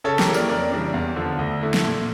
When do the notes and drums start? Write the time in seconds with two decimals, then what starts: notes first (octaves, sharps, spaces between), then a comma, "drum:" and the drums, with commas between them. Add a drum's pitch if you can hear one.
0.04 C#3 A4 C#5
0.19 G4 A#4, drum: snare
0.27 E3 A#3 C#4
0.34 A#4 D5, drum: tambourine
0.49 F2 A#4 D5
0.71 C#3 E3 G3 D4
0.94 E2
1.16 D3 F3
1.39 D2
1.61 D3 A3 E4
1.74 drum: snare
1.84 A#2